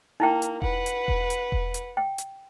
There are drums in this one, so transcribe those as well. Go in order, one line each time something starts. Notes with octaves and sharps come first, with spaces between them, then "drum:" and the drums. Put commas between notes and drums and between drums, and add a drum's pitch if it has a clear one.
A#3 D#4 E4 G5
drum: hi-hat
B4 F#5, drum: kick E1
drum: hi-hat
drum: kick E1
drum: hi-hat
drum: kick E1
drum: hi-hat
G5
drum: hi-hat